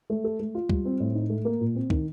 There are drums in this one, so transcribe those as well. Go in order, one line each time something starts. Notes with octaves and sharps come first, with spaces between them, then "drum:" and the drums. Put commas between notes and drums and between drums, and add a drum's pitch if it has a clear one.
A3
A4
A3
F4
G3, drum: kick
C4
A2
D#4
A3
A#3
A#2
C4
D#3, drum: kick